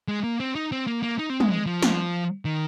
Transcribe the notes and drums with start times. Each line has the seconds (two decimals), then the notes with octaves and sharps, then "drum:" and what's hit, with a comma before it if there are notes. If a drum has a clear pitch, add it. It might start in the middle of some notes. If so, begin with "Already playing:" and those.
0.08 G#3
0.24 A#3
0.40 C4
0.55 D#4
0.72 C4
0.87 A#3
1.03 A#3
1.19 D#4
1.30 C4
1.40 G#3, drum: tom
1.51 G#3
1.67 F3
1.82 drum: snare
2.45 D#3